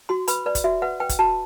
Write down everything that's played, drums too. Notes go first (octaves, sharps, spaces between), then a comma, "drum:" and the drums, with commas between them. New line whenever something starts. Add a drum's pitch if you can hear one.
F#4 C6
B4 B5, drum: hi-hat
B4 D5
drum: kick, hi-hat
F#4 E5
B4 F#5
B4 G5
drum: kick, hi-hat
F#4 A5